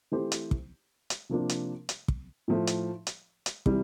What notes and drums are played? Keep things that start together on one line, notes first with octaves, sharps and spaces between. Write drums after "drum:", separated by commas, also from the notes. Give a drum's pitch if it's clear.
E3 A3 C4 G4 C5
drum: hi-hat
drum: kick
drum: hi-hat
C3 F3 A#3 D4
drum: hi-hat
drum: hi-hat
drum: kick
A2 F3 A3
drum: hi-hat
drum: hi-hat
drum: hi-hat
C3 E3 G3, drum: kick